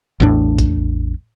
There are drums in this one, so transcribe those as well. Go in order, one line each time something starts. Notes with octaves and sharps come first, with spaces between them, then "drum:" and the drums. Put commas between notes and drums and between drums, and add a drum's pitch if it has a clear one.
A1 E2 A2 D4
drum: kick A#1, hi-hat